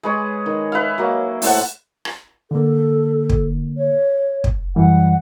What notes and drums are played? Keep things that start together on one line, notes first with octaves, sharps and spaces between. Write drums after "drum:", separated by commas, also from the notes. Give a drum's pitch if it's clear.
G#3 B4 C#5
D#3
B4 E5 F5
F#3 A#3
A2 A4 C5 F#5, drum: open hi-hat
drum: rim click
D3 A#3 A4
drum: kick
C#5
drum: kick
F#2 E3 G3 F#5